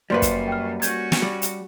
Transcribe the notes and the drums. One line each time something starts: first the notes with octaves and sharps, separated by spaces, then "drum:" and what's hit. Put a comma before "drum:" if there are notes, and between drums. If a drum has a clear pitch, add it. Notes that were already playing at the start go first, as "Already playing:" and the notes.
F#2 G3 A#3 B4 C5 D5 C6
drum: kick, hi-hat
G5 F6
C#4 F#4 G6 G#6, drum: hi-hat
drum: snare
G3
drum: hi-hat